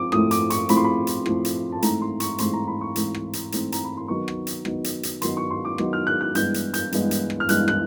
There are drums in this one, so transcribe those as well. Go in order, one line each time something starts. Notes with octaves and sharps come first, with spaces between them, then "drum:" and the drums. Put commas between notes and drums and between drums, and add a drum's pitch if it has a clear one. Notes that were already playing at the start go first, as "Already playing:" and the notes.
Already playing: F3 C4 D6
A2 F3 A3 C4 D#6, drum: rim click
D6, drum: hi-hat
C#6, drum: hi-hat
A2 F3 A3 C4 B5, drum: hi-hat
C6
B5
drum: hi-hat
A2 F3 A3 C4, drum: rim click
drum: hi-hat
A5
G#2 E3 A3 C4 A#5, drum: hi-hat
C6
C#6, drum: hi-hat
G#2 E3 A3 C4 C6, drum: hi-hat
A#5
B5
C#6
G#2 E3 A3 C4, drum: hi-hat
drum: rim click
drum: hi-hat
G#2 E3 A3 C4, drum: hi-hat
A#5, drum: hi-hat
B5
C6
D#3 F#3 B3 D#4 C#6
drum: rim click
drum: hi-hat
D#3 F#3 B3 D#4, drum: rim click
drum: hi-hat
drum: hi-hat
D#3 F#3 B3 D#4 C6, drum: hi-hat
C#6
C6
D6
D#3 F#3 B3 D#4, drum: rim click
F6
F#6
F#6
G2 E3 G#3 B3 G6, drum: hi-hat
drum: hi-hat
G6, drum: hi-hat
G2 E3 G#3 B3, drum: hi-hat
drum: hi-hat
drum: rim click
F6
G2 E3 G#3 B3 F#6, drum: hi-hat
F#6, drum: rim click